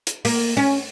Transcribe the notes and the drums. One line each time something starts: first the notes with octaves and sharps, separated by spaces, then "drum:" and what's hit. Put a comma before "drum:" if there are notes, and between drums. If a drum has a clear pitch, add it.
drum: hi-hat
A#3, drum: open hi-hat
C#4